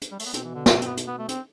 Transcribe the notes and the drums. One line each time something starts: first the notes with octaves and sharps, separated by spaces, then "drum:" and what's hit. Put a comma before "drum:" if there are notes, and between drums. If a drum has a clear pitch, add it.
drum: hi-hat
G3
A3, drum: open hi-hat
B3
B2 C4, drum: hi-hat
E3
D3
D3, drum: snare
A3
C4, drum: hi-hat
B3
drum: hi-hat
B3
A3
C4, drum: hi-hat